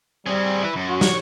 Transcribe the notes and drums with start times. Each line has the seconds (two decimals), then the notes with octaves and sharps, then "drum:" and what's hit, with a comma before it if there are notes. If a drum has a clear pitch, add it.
0.27 G3 C4 G#4
0.63 E4 B4
0.76 F#2
0.88 F#4
1.01 C#5, drum: snare